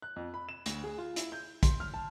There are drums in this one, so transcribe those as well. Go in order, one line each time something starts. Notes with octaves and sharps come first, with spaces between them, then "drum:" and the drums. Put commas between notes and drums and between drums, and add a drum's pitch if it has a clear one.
F#6
F2
B5
E7
D2, drum: hi-hat
G#4
F4
E4, drum: hi-hat
G6
C6, drum: kick A#1, hi-hat
F6
A5